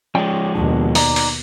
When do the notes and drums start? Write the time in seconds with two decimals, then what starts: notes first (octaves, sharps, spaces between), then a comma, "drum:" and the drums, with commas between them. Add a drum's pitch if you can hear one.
0.15 F3 G#3 C#4 D5 G5
0.55 D#2 B2 D4
0.95 D#4 D5 A#5, drum: open hi-hat
1.16 drum: open hi-hat